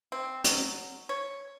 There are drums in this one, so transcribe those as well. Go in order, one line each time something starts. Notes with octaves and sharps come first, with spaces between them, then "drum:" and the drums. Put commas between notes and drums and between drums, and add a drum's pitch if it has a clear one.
C4
F#3, drum: hi-hat
C#5